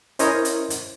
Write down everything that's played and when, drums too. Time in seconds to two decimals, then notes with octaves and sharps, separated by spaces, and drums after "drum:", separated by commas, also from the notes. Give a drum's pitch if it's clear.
0.19 C#4 E4 A#4 C5 C#5 D#5, drum: hi-hat
0.45 drum: hi-hat
0.70 drum: hi-hat